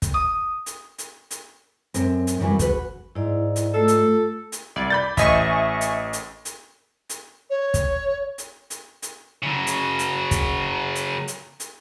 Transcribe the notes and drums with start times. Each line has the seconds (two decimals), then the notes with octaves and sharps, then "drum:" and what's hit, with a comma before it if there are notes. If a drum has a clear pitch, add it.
0.02 drum: kick, hi-hat
0.14 D#6
0.66 drum: hi-hat
0.98 drum: hi-hat
1.31 drum: hi-hat
1.94 F#2 C4, drum: hi-hat
2.27 drum: hi-hat
2.39 F#2 E3 F#3 G3
2.59 F#4 B4, drum: kick, hi-hat
3.15 G#2 E4 D5 F5
3.56 drum: hi-hat
3.74 A3 F4 A4
3.88 drum: hi-hat
4.52 drum: hi-hat
4.76 C2 D5
4.90 B5 G6 A6
5.17 A1 D#5 E5 G#5 C#6, drum: kick, hi-hat
5.81 drum: hi-hat
6.13 drum: hi-hat
6.45 drum: hi-hat
7.09 drum: hi-hat
7.50 C#5
7.74 drum: kick, hi-hat
8.38 drum: hi-hat
8.70 drum: hi-hat
9.02 drum: hi-hat
9.43 C#3 F#3
9.67 drum: hi-hat
9.99 drum: hi-hat
10.31 drum: kick, hi-hat
10.95 drum: hi-hat
11.28 drum: hi-hat
11.60 drum: hi-hat